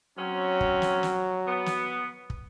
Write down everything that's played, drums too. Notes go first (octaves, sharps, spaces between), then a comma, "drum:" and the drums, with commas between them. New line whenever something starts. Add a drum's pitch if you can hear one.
F#3 C4 C#4
drum: kick
drum: snare
drum: snare
B3
drum: snare
drum: kick